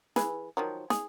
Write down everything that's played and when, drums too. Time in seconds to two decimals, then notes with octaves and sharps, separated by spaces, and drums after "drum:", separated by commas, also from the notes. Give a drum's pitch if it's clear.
0.16 E3 G#4 B4, drum: snare
0.57 D#3 F3 F#3
0.90 G#4, drum: snare